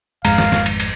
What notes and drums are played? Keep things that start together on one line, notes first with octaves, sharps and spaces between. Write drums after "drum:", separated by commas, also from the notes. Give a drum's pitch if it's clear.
G#1 F2 G#2 G#3 F5 A#5, drum: cymbal
drum: snare
drum: snare
drum: cymbal
drum: cymbal